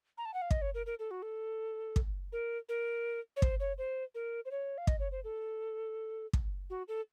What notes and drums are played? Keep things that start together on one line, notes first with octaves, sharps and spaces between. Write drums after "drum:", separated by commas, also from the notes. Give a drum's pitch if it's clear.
A#5
A5
F#5
F5
D#5, drum: kick
C#5
A#4
A#4
A4
F#4
A4
drum: kick
A#4
A#4
C#5
C5, drum: kick
C#5
C5
A#4
C5
C#5
F5
D#5, drum: kick
C#5
C5
A4
drum: kick
F#4
A4